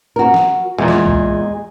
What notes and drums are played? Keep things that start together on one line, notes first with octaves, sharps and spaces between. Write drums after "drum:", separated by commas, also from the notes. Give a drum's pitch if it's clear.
F#4 A#4
drum: snare
E2 A#2 G#3
drum: snare
drum: kick B1